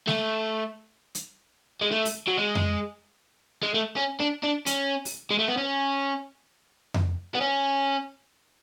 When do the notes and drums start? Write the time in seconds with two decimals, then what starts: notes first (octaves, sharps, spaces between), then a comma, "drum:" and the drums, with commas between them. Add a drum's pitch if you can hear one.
0.08 A3, drum: snare G#3
1.15 drum: hi-hat
1.81 G#3
1.91 A3
2.05 drum: open hi-hat
2.27 F#3
2.37 G#3
2.55 drum: tom F2
3.63 G#3
3.74 A3
3.97 C#4
4.20 D4
4.43 D4
4.66 C#4, drum: hi-hat
5.05 drum: open hi-hat
5.31 G#3
5.39 A3
5.48 B3
5.57 C#4
6.94 drum: tom F2
7.35 B3
7.41 C#4